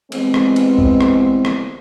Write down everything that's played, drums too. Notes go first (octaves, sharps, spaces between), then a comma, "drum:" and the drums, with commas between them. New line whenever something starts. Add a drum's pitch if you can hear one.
E3 G3 G#3 B3 C4, drum: cymbal
drum: rim click
drum: cymbal
drum: kick A#1
drum: rim click
drum: rim click